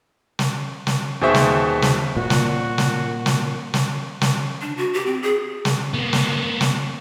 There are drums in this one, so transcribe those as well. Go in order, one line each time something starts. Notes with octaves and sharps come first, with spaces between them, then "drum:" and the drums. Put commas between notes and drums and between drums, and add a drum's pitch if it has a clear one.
drum: snare
drum: snare
D#2 B2 G#4 C5 E5 C#6
drum: snare
drum: snare
A#2 F#4
drum: snare
drum: snare
drum: snare
drum: snare
drum: snare
D4
F#4
G4
C4
G#4
drum: snare
A#3 B3
drum: snare
drum: snare